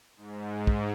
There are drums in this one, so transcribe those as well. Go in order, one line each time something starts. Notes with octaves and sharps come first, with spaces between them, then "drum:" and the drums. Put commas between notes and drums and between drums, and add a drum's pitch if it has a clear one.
G#2
drum: kick